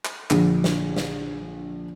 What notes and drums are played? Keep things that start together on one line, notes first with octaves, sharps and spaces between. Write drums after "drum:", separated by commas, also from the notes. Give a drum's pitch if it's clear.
drum: clap
A#1 D3, drum: clap
drum: snare
drum: snare